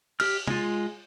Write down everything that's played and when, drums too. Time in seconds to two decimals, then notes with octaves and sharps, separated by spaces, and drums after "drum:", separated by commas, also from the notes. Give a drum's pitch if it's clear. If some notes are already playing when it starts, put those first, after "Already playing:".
0.20 G4 F6, drum: cymbal
0.48 G#3 F4, drum: tom